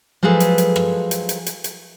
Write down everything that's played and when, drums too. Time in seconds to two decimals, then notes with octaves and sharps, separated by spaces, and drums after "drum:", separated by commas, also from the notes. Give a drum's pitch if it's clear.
0.23 F3 F#3 G#3 G#4 A4 B4
0.40 drum: hi-hat
0.58 drum: hi-hat
0.76 drum: rim click
1.11 drum: hi-hat
1.29 drum: hi-hat
1.46 drum: hi-hat
1.64 drum: hi-hat